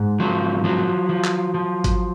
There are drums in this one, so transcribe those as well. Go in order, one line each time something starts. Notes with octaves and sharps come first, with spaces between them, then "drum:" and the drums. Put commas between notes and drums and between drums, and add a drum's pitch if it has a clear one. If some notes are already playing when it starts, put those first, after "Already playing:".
Already playing: G#2
F3 F#3
F3 F#3
F3
drum: clap
F3
drum: kick G#1, hi-hat